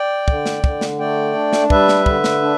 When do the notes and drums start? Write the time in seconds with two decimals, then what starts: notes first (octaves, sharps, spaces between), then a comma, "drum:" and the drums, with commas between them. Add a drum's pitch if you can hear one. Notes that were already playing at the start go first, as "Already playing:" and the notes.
Already playing: D5 G5
0.28 D3, drum: kick
0.46 drum: snare
0.64 D3, drum: kick
0.81 drum: snare
0.99 A3 D5 G5
1.35 D4
1.53 drum: snare
1.70 G3 B4 E5, drum: kick
1.88 drum: snare
2.06 D3, drum: kick
2.24 drum: snare
2.42 D4